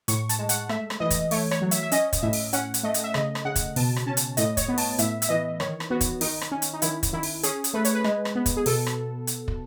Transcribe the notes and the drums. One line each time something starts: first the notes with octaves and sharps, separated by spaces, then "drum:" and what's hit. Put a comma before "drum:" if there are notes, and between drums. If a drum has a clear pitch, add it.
A2 C#6, drum: hi-hat
A5, drum: hi-hat
G#3
F#5, drum: hi-hat
A3 E5, drum: rim click
drum: rim click
E3 D#5
drum: kick, hi-hat
A3 C#5, drum: open hi-hat
C#5, drum: rim click
F#3
E5, drum: hi-hat
E5
C#4 D#5, drum: hi-hat
drum: kick, hi-hat
A2 E5
drum: open hi-hat
C#4 F#5, drum: hi-hat
drum: hi-hat
A3 D#5
drum: hi-hat
E5
C#3 D#5, drum: rim click
drum: rim click
C#3 F#5
drum: kick, hi-hat
B2 A5, drum: open hi-hat
drum: rim click
C#4 A5
drum: hi-hat
A2 D#5, drum: hi-hat
C#5, drum: kick, hi-hat
B3
A5, drum: open hi-hat
A2 E5, drum: hi-hat
E5, drum: hi-hat
E3 D#5
D#3 C#5, drum: rim click
drum: rim click
B3 F#4
drum: kick, hi-hat
D#3 D#4, drum: open hi-hat
drum: rim click
C#4
drum: hi-hat
D#4
D#3 E4, drum: hi-hat
drum: kick, hi-hat
D#3 E4
drum: open hi-hat
C#4 G#4, drum: hi-hat
drum: hi-hat
A3 B4
C#5, drum: hi-hat
B4
G#3, drum: rim click
drum: rim click
B3
drum: kick, hi-hat
G#4
B2 A4, drum: open hi-hat
drum: rim click
drum: hi-hat
drum: kick